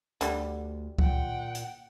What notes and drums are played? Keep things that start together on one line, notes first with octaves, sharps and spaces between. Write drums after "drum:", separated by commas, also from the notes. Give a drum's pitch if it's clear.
D2 D3 G3, drum: hi-hat
A#2 F#5 G5, drum: kick C#2
drum: hi-hat